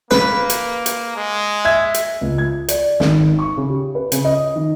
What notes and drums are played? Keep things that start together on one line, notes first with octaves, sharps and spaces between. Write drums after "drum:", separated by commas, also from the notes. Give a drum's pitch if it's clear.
A#3 B4, drum: snare
drum: hi-hat
drum: hi-hat
G#3
E5 G#6
drum: hi-hat
C#2
G#6
D5, drum: hi-hat
G#1, drum: snare
C#6
C#3
G4
B4
C#3, drum: hi-hat
D#5
D#3